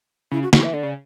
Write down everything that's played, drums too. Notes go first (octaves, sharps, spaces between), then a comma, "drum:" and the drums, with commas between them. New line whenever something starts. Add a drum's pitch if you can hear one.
C#3 E4
F#4
F#4, drum: snare
E3 E5
D3 D5
C#3